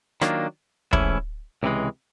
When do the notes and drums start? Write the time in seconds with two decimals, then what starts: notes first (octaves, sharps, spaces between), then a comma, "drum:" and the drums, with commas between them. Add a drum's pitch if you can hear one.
0.22 D#3 F#3 A#3 D4 F4, drum: rim click
0.93 G#2 E3 A3 C#4 E4, drum: kick
1.63 C#2 C3 E3 G#3